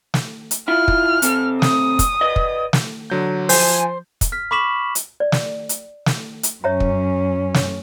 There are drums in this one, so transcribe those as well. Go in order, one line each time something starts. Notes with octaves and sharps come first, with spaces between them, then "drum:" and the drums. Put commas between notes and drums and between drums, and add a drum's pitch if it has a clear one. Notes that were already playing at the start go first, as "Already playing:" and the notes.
drum: snare
drum: hi-hat
E4 F4 F6
drum: kick
C3 C4 A4, drum: hi-hat
D#6, drum: snare
drum: kick, hi-hat
B4 D5 D#5
drum: kick
drum: snare
D3 F#3 G6
F3 C5 G#5, drum: open hi-hat
drum: kick, hi-hat
F6 B6
B5 C#6 D6 B6 E7 F#7
drum: hi-hat
D5
drum: snare
drum: hi-hat
drum: snare
drum: hi-hat
F#2 C#4 C#5 E5 A#5
drum: kick
drum: snare